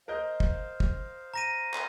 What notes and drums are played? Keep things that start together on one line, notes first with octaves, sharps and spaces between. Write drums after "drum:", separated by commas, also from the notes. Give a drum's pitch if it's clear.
A#4 C5 D#5 F5 G6
drum: kick
drum: kick
A#5 A#6 D#7
drum: clap